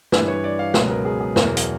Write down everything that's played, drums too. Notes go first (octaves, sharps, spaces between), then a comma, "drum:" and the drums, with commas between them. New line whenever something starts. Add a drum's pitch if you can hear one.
G2 E3 B4, drum: snare
C#5
D5
F5
C#2 B2 F#3 B4, drum: snare
A#4
G#4
G#4
E2 B2 F#3 A#4, drum: snare
drum: hi-hat